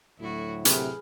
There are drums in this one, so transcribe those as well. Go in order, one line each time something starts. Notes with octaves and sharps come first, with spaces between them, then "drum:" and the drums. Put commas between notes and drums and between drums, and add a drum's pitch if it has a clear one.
D2 A2 F#3 E4 F#4
C3 G#4 B4 A#5 F6, drum: hi-hat